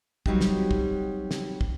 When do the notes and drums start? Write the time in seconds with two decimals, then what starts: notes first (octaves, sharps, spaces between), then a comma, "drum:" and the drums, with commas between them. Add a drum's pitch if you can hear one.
0.26 F#3 G3 C4 D#4 F#4 G4, drum: kick
0.41 drum: snare
0.71 drum: kick
1.31 drum: snare
1.61 drum: kick